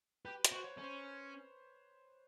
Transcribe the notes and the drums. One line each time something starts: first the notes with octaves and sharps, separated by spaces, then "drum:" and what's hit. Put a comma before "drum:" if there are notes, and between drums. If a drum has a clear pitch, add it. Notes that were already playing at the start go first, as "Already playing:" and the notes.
G4 B4
C5, drum: hi-hat
F#4
C5
C#5
C#4
C5